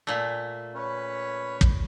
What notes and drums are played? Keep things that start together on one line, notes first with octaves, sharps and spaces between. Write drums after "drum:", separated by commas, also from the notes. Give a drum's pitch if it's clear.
A#2 A3
C#4 B4 C#5
drum: kick